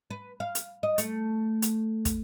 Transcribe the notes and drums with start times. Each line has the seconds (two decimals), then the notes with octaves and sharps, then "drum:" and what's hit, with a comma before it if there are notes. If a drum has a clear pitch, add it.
0.10 B4
0.40 F5
0.55 drum: hi-hat
0.83 D#5
0.98 A3, drum: hi-hat
1.62 drum: hi-hat
2.05 drum: kick, hi-hat